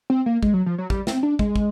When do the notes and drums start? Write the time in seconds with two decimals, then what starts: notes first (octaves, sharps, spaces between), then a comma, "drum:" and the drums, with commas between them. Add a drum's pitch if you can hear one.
0.10 C4
0.26 A#3
0.43 G#3, drum: kick
0.54 F#3
0.66 F3
0.78 F#3
0.90 G3, drum: kick
1.07 C4, drum: snare
1.23 D4
1.39 G#3, drum: kick
1.56 drum: kick